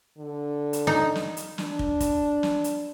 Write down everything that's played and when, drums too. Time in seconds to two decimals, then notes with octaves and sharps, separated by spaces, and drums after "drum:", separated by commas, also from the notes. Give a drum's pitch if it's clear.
0.18 D3
0.73 drum: hi-hat
0.87 D#4
1.15 drum: snare
1.37 drum: hi-hat
1.58 D4, drum: snare
1.79 drum: kick
2.00 drum: kick, hi-hat
2.43 drum: snare
2.64 drum: hi-hat